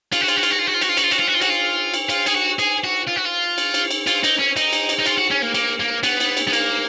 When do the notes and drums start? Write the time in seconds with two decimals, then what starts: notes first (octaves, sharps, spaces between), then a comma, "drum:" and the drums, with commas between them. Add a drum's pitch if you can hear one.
0.12 F4, drum: cymbal
0.21 F#4
0.28 F4, drum: cymbal
0.36 F#4
0.43 F4, drum: cymbal
0.51 F#4
0.59 F4
0.67 F#4
0.74 F4
0.81 F#4, drum: cymbal
0.89 F4
0.97 F#4, drum: cymbal
1.03 F4
1.11 F#4, drum: cymbal
1.19 F4
1.27 F#4
1.34 F4
1.41 F#4, drum: cymbal
1.49 F4
1.94 drum: cymbal
2.09 F4, drum: cymbal
2.26 G#4, drum: cymbal
2.34 F#4
2.59 G#4, drum: cymbal
2.84 F#4
3.08 F4
3.16 F#4
3.26 F4
3.58 drum: cymbal
3.74 drum: cymbal
3.91 drum: cymbal
4.07 F4, drum: cymbal
4.24 D#4, drum: cymbal
4.39 C#4
4.57 D#4, drum: cymbal
4.73 drum: cymbal
4.89 drum: cymbal
4.99 D#4
5.06 F4, drum: cymbal
5.18 F#4
5.31 C#4
5.42 A#3
5.54 A#3, drum: cymbal
5.80 A#3
6.03 B3, drum: cymbal
6.20 drum: cymbal
6.37 drum: cymbal
6.48 B3
6.53 A#3, drum: cymbal